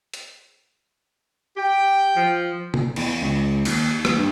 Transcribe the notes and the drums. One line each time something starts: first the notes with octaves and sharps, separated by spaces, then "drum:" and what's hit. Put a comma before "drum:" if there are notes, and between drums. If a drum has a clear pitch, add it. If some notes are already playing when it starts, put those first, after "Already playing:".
drum: hi-hat
G4 G5
F3
drum: tom C3
E2, drum: cymbal
C#2
D#2, drum: cymbal
D#2, drum: rim click
G2